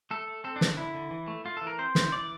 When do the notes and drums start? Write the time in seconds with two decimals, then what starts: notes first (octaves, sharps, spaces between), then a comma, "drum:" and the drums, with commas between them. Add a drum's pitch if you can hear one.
0.11 A3 A4
0.28 A3
0.44 C4 A4
0.56 D4
0.61 D3, drum: snare
0.67 D4
0.77 D3 E4
0.95 D3
1.11 E3
1.28 A3
1.45 A3 F4
1.57 E3 A4
1.67 A#4
1.78 C4 C5
1.95 E3, drum: snare
2.12 E3 D5